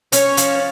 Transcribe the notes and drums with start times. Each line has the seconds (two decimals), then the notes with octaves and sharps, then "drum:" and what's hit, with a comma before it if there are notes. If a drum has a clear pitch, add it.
0.12 C#4 C#5, drum: hi-hat
0.37 F3, drum: hi-hat